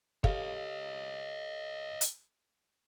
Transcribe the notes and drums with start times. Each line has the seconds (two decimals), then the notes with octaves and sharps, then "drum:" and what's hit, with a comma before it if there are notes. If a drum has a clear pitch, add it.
0.24 G4 A4 C#5 D#5 F5, drum: kick
2.01 drum: hi-hat